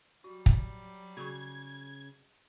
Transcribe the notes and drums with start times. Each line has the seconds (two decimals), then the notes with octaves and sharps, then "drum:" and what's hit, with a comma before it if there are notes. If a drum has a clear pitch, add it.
0.24 F#3 G3 F#4
0.46 drum: kick
1.17 C#3 F#4 G#4 C#6 G#6